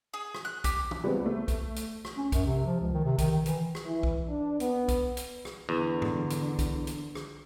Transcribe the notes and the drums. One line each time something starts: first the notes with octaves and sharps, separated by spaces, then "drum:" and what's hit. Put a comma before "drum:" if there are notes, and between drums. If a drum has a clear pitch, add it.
G#4
drum: rim click
F#6
G4, drum: kick B1, hi-hat
drum: tom
C#2 G3 G#3 B3 C4
A3
drum: kick B1, hi-hat
drum: hi-hat
drum: rim click
C#4
F#2, drum: kick B1, hi-hat
C3
F3
C#2
D#3
C3
D#3, drum: kick B1, hi-hat
D#3
E3, drum: hi-hat
drum: rim click
E3
drum: kick B1
D4
B3, drum: hi-hat
drum: kick B1, hi-hat
drum: hi-hat
drum: rim click
E2 D3
drum: tom G#2
drum: hi-hat
drum: kick B1, hi-hat
drum: hi-hat
drum: rim click